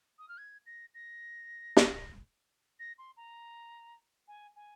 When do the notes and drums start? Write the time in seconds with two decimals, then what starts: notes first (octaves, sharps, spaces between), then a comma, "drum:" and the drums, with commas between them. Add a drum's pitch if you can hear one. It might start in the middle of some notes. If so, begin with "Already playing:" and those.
0.19 D#6
0.29 F6
0.38 G#6
0.66 A#6
0.94 A#6
1.77 drum: snare
2.80 A#6
2.98 C6
3.17 A#5
4.28 G#5
4.56 G#5